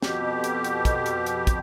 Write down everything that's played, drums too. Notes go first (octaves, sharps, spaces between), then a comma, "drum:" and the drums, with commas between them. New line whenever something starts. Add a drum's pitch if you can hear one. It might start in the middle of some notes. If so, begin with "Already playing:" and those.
F2 B2 G4, drum: snare
drum: hi-hat
drum: hi-hat
drum: kick, hi-hat
drum: hi-hat
drum: hi-hat
drum: kick, hi-hat